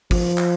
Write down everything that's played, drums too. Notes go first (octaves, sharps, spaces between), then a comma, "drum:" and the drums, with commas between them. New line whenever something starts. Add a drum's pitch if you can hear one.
F3, drum: kick, open hi-hat
drum: clap